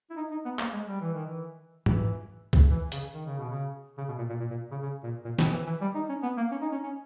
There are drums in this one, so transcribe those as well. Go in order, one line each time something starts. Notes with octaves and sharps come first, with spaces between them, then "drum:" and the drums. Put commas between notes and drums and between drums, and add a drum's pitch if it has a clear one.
E4
D#4
D#4
B3
A#3, drum: clap
G#3
G3
E3
D#3
E3
E3, drum: tom G#2
drum: kick
E3
C#3, drum: hi-hat
D#3
C#3
B2
C#3
C#3
B2
A#2
A#2
A#2
A#2
C#3
C#3
A#2
A#2
B2, drum: snare
E3
E3
G3
D#4
C#4
B3
A#3
C#4
D#4
C#4
C#4